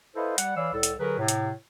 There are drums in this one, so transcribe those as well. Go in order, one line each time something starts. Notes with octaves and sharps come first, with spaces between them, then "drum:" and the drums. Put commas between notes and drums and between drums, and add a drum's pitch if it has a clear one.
E4 A4 B4 C5 D#5 F5
G3 F#5, drum: hi-hat
E3 B4 C#5 D5 F5 E6
C2 A2 A4
drum: hi-hat
D3 F#3 G#4 A#4 B4
A2 C3
drum: hi-hat